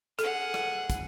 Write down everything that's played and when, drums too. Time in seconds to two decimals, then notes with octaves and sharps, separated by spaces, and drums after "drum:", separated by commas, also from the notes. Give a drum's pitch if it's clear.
0.19 G#4 A4 F#5, drum: hi-hat
0.54 drum: rim click
0.90 drum: kick, hi-hat